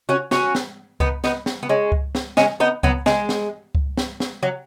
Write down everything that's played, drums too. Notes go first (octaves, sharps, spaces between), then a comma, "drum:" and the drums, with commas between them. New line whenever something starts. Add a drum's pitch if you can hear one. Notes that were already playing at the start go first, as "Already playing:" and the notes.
C#4 F#4
C#4 F#4, drum: snare
drum: snare
B3 D#4, drum: kick C#2
B3 D#4, drum: snare
drum: snare
B3
G#3 C#4
drum: kick C#2
drum: snare
G#3 C#4, drum: snare
B3 D#4
F#3 B3, drum: kick C#2
G#3, drum: snare
drum: snare
drum: kick C#2
drum: snare
drum: snare
F#3